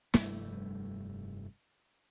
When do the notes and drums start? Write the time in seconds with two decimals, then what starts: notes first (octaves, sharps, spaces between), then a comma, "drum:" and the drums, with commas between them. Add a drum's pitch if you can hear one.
0.14 F1 G2 G3 A3, drum: snare